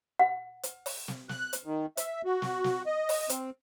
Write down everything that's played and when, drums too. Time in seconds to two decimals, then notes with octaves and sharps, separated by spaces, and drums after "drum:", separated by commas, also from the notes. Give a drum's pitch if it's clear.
0.19 F#5
0.63 drum: hi-hat
0.86 drum: open hi-hat
1.08 drum: snare
1.29 F#6, drum: snare
1.53 drum: hi-hat
1.65 D#3
1.97 E5, drum: hi-hat
2.25 F#4
2.42 drum: snare
2.64 drum: snare
2.86 D#5
3.09 drum: open hi-hat
3.29 C4, drum: hi-hat